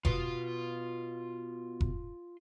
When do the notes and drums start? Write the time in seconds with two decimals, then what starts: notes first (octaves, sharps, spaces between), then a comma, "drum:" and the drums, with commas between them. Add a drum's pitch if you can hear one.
0.05 B2 F4 C6, drum: kick F1
1.81 drum: kick F1